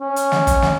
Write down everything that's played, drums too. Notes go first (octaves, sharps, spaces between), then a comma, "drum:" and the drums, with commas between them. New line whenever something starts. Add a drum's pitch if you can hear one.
C#4
drum: hi-hat
drum: snare
drum: kick, hi-hat
drum: snare